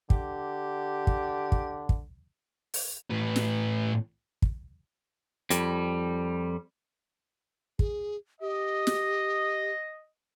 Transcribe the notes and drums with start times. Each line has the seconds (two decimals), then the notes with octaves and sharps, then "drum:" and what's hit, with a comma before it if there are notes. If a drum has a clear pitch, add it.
0.10 D3 G4, drum: kick
1.07 drum: kick
1.52 drum: kick
1.89 drum: kick
2.74 drum: open hi-hat
3.10 A2 B4
3.36 drum: snare
4.42 drum: kick
5.50 F2 G3, drum: hi-hat
7.79 G#4, drum: kick
8.41 G4 D#5
8.87 drum: snare